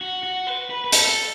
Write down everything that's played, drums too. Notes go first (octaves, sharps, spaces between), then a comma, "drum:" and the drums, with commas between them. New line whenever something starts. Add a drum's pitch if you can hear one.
F#4
F#4
B4
B4
B4
A4, drum: hi-hat